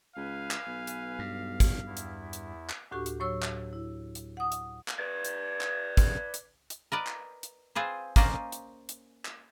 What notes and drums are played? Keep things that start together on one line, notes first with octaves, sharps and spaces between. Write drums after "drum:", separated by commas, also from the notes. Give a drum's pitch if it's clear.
C#2 B4 F5 G#5
drum: clap
B1
drum: hi-hat
G2
drum: kick, hi-hat
E2 E4
drum: hi-hat
drum: hi-hat
drum: clap
D2 A2 D4 F#4 G4 C#6
drum: hi-hat
A2 F#3 C#5 C#6 E6
drum: clap
E4
drum: hi-hat
F#5 D#6
drum: hi-hat
drum: clap
B4 D5
drum: hi-hat
drum: clap
drum: kick, hi-hat
drum: hi-hat
drum: hi-hat
A#4 B4 D5 D#5
drum: clap
drum: hi-hat
C4 F4 G#4 B4 C5
A#3 C#4 A#4 C5 D5 D#5, drum: kick, hi-hat
drum: hi-hat
drum: hi-hat
drum: clap